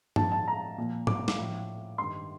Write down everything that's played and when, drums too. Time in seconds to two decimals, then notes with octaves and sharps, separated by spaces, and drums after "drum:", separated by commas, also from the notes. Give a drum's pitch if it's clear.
0.16 A2 F3 A5, drum: tom G2
0.32 A5
0.48 A#5
0.78 A#2 F3
1.07 D6, drum: tom G#2
1.28 D6, drum: snare
1.39 A2 F3
1.98 G2 D#3 C6